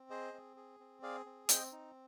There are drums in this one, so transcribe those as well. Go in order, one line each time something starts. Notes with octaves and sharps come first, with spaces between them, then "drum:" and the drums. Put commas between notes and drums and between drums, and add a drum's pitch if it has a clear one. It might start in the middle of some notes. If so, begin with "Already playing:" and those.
Already playing: C4
G#4 C5 D#5
C4
G#4
C4
G#4 D5 F5
C4
C4 D#5 G5, drum: hi-hat
D#4